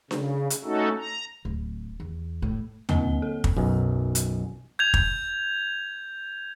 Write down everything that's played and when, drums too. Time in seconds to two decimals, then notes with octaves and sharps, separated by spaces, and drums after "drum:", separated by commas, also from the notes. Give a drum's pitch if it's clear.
0.11 C#3, drum: snare D4
0.50 drum: hi-hat
0.64 A3 C#4 D#4 F#4 A4
0.99 A#5
1.45 D1
2.00 E2
2.42 A2
2.89 D3 A#3 C4 D#5 G7, drum: tom D#2
3.22 A4
3.44 drum: kick
3.57 B1 F#2
4.15 drum: hi-hat
4.79 G6 G#6 F7
4.94 drum: kick